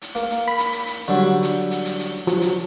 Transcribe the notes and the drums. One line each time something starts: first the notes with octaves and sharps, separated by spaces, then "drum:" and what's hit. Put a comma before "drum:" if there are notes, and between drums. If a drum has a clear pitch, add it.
drum: hi-hat
A#3, drum: hi-hat
drum: hi-hat
B5
drum: hi-hat
drum: hi-hat
drum: hi-hat
D3 F#3 G3
drum: hi-hat
drum: hi-hat
drum: hi-hat
drum: hi-hat
F3 F#3, drum: hi-hat
drum: hi-hat